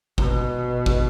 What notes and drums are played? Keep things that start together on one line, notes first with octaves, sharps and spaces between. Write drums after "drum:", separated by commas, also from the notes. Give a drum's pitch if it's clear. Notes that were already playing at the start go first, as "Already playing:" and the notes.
B2, drum: kick
drum: kick